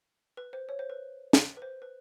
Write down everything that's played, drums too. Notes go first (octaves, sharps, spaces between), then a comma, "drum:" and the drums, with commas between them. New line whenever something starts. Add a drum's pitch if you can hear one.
B4
C5
C#5
C5
B4
drum: snare
B4
C5
B4